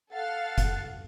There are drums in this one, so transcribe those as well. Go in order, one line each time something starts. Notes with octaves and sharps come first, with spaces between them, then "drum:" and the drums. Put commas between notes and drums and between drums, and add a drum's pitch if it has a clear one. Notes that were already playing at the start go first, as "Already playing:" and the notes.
A4 F5 F#5 A6
drum: kick, hi-hat